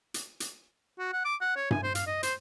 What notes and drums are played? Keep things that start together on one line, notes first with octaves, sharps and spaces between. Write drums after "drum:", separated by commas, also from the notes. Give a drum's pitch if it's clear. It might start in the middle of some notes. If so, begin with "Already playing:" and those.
drum: hi-hat
drum: hi-hat
F#4
F#5
D6
F#5
C#5
G#5, drum: tom G2
C5
F5, drum: hi-hat
D#5
C5, drum: hi-hat